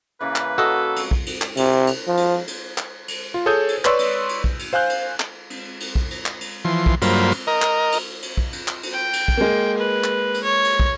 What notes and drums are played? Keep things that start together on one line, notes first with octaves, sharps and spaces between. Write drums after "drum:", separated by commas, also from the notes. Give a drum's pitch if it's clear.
C#3 E3 A#3 B4
drum: clap
F#3 F#4 A4 D#5
drum: cymbal
drum: kick
drum: cymbal
drum: clap
C3, drum: cymbal
drum: cymbal
F3
drum: cymbal
drum: cymbal
drum: clap
drum: cymbal
F4
G#4 A4 C#5 G#5 D#6 G6
drum: cymbal
B4 C#5 D5 C6 C#6 E6, drum: clap
drum: cymbal
drum: cymbal
drum: kick
drum: cymbal
C5 F5 G#5 F#6 G6
drum: cymbal
drum: clap
drum: cymbal
drum: cymbal
drum: kick
drum: cymbal
drum: clap
drum: cymbal
E3 F3 C6
drum: kick
G2 F#3 A#3 F4 C5 B5, drum: cymbal
drum: cymbal
A#4 D#5
drum: clap
drum: cymbal
drum: cymbal
drum: kick
drum: cymbal
drum: clap
drum: cymbal
G5
drum: cymbal
drum: kick
G#3 A#3
B4
drum: clap
drum: cymbal
C#5
drum: cymbal
drum: kick